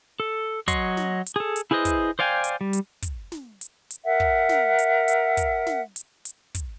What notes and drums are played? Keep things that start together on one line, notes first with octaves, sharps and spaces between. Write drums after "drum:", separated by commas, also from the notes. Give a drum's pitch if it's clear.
A4
F#3 C#5 D#5 C6, drum: kick, hi-hat
drum: snare
drum: hi-hat
G#4 A4
drum: hi-hat
E4 G#4 B4 C5 D#5
drum: kick, hi-hat
C5 D5 F5 G5 G#5
drum: hi-hat
G3
drum: hi-hat
drum: kick, hi-hat
drum: snare
drum: hi-hat
drum: hi-hat
A#4 E5 F#5
drum: kick
drum: snare
drum: hi-hat
drum: hi-hat
drum: kick, hi-hat
drum: snare
drum: hi-hat
drum: hi-hat
drum: kick, hi-hat